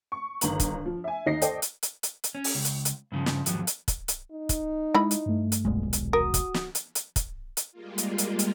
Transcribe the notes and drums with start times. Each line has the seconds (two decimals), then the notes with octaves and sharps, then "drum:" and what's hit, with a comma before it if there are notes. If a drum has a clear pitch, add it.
0.12 C#6
0.41 G1 D#3 A#5 F#7, drum: hi-hat
0.60 drum: kick, hi-hat
0.86 F3
1.04 E5 G#5
1.26 D#2 D#4 A#6 C7
1.42 A4 C5 D5 D#5 G5, drum: hi-hat
1.62 drum: hi-hat
1.83 drum: hi-hat
2.03 drum: hi-hat
2.24 drum: hi-hat
2.35 C#4
2.44 drum: open hi-hat
2.55 C#2
2.65 drum: hi-hat
2.85 drum: hi-hat
3.12 G2 C#3 F3
3.26 drum: snare
3.46 D#2 G#2 F3 F#3, drum: hi-hat
3.67 drum: hi-hat
3.88 drum: kick, hi-hat
4.08 drum: hi-hat
4.32 D#4
4.49 drum: kick, hi-hat
4.95 G#3 E4 D#5 B5
5.11 drum: hi-hat
5.26 G2 A3
5.52 drum: hi-hat
5.65 D#1 B1 G#3
5.93 drum: hi-hat
6.13 F#4 A#4 D#6
6.34 drum: kick, hi-hat
6.54 drum: snare
6.75 drum: hi-hat
6.95 drum: hi-hat
7.16 drum: kick, hi-hat
7.57 drum: hi-hat
7.72 G3 G#3 A#3 F4
7.98 drum: hi-hat
8.18 drum: hi-hat
8.39 drum: hi-hat